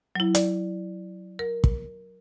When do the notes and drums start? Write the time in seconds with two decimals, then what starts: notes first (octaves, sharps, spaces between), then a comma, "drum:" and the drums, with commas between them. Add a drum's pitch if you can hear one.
0.15 F#3 E4
0.35 D5, drum: hi-hat
1.39 A#4
1.64 drum: kick